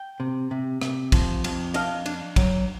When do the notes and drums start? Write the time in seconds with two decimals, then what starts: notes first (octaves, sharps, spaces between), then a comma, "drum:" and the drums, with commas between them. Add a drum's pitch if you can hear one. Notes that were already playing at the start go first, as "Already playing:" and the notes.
Already playing: G5
0.20 C3
0.51 C3
0.82 C3, drum: rim click
1.12 F3, drum: kick, cymbal
1.44 F2, drum: cymbal
1.74 D4 D#5 F5, drum: cymbal
2.06 D4, drum: cymbal
2.36 F#3, drum: kick, cymbal